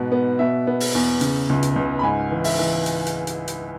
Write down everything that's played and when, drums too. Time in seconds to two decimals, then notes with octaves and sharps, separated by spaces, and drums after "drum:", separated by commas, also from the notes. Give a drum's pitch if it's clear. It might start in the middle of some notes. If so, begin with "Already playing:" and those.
Already playing: G#2 B2 B3
0.12 B3
0.39 B2 E5
0.67 B3
0.80 drum: open hi-hat
0.95 E2
1.21 C#3, drum: hi-hat
1.49 C#2
1.63 drum: hi-hat
1.76 C#2
1.99 B5
2.03 G#2 G#5
2.32 E3
2.44 E5, drum: open hi-hat
2.59 E3
2.86 drum: hi-hat
3.06 drum: hi-hat
3.27 drum: hi-hat
3.48 drum: hi-hat